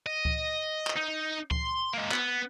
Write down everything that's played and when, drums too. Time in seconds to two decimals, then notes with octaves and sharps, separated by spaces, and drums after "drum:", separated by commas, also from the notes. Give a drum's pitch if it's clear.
0.06 D#5
0.25 drum: kick C#2
0.87 drum: clap
0.96 D#4
1.51 C6, drum: kick C#2
1.93 G#3 A#3
2.11 B3, drum: clap